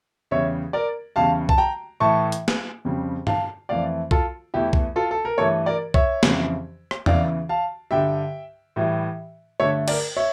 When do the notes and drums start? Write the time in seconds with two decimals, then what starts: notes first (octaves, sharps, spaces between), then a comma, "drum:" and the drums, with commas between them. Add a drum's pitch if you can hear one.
0.31 E2 C#3 G3 C#5 E5
0.73 A#4 D5
1.16 E2 C#3 G3 F5 A5
1.49 A5, drum: kick B1
1.58 G5 A#5
2.00 A2 E3 A3 A5 C#6
2.32 drum: hi-hat
2.48 drum: snare
2.85 F2 C#3 G3
3.27 F5 A5, drum: tom G2
3.69 F2 E3 A3 D5 F5
4.11 F4 A4, drum: kick B1
4.54 E2 E3 A3 E4 G4
4.73 drum: kick B1
4.96 F4 A4
5.11 A4
5.25 A#4
5.38 G2 E3 A3 A4 C#5
5.66 A#4 D5
5.94 C#5 E5, drum: kick B1
6.23 F2 C#3 E3 G3, drum: snare
6.91 drum: rim click
7.06 E2 C#3 E3 D5 F5, drum: tom E2
7.49 F5 A5
7.91 G2 D3 G3 E5 G5
8.76 A2 E3 G3
9.60 G2 D3 A3 C#5 E5
9.88 A#4 D5, drum: cymbal
10.17 C#5 E5